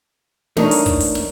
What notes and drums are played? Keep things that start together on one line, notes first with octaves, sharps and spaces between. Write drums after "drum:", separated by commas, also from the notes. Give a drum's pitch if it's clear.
E3 A3 D4 D#4 A#4 C#5, drum: snare
drum: open hi-hat
drum: kick, hi-hat
drum: open hi-hat
drum: snare